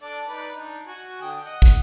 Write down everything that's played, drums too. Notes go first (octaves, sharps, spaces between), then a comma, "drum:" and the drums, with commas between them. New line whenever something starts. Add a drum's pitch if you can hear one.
D4 A4 D5
D#4 B4 D5
D4 D#4
F#4 G#5
D3 G5 D#6
D#5 F#5
drum: kick